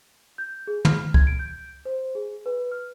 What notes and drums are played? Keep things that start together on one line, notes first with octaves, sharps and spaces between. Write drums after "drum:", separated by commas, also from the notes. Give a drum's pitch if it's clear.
G6
G#4
F6, drum: tom
G#6, drum: kick
D7
G6
C5
G#4
B4
F6